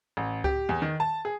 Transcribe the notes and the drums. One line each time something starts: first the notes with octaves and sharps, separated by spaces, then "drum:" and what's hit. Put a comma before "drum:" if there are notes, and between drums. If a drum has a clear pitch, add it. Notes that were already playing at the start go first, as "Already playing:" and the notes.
A1
G4, drum: kick C#2
E2
D#3
A5
G#4